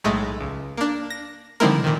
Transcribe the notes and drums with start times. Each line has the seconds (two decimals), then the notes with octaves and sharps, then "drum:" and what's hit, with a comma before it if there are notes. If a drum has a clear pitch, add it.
0.04 B1 A2 G#3 A3
0.41 C#2
0.77 A#3 D4
1.10 A#6
1.60 D3 F3 C4 D#4 E4 A#4, drum: tom
1.84 A#2 D#3